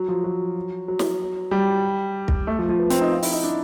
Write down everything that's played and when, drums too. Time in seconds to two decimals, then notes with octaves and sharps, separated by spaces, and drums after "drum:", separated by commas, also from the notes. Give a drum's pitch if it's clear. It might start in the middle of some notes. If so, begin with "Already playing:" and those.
Already playing: F#3
0.08 F3
0.24 F#3
0.88 F#3
0.99 drum: snare
1.51 G3
2.28 drum: kick
2.47 A3
2.59 F3
2.69 F3
2.79 B3
2.90 C4, drum: hi-hat
3.01 D#4
3.12 F4
3.23 E4, drum: open hi-hat
3.32 D#4
3.43 D4